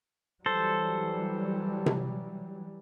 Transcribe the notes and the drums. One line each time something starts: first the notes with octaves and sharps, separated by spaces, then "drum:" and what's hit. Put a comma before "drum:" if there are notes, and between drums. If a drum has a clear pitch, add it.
E3 F#3 G3 A4 C5
drum: tom C3